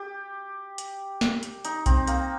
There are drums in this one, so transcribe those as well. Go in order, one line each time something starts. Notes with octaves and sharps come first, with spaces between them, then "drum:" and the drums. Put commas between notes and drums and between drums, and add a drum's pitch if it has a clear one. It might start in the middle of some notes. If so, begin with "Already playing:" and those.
Already playing: G4
drum: hi-hat
drum: snare
drum: hi-hat
D#4, drum: hi-hat
C4, drum: kick B1, hi-hat
A#3, drum: hi-hat